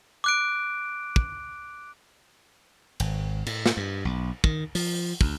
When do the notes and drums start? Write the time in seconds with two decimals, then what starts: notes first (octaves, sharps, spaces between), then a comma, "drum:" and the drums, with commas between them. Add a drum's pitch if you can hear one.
0.24 D6 F#6 D7
1.16 drum: kick
3.00 G#1, drum: cymbal
3.47 A2, drum: cymbal
3.66 drum: snare
3.77 G2
4.05 B1
4.44 D#3, drum: kick
4.75 F3, drum: open hi-hat
5.21 D2, drum: kick